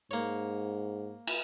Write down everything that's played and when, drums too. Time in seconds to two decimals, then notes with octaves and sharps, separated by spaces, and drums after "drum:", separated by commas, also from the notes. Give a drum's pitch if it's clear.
0.11 G#2 A#3 C#5
1.27 drum: cymbal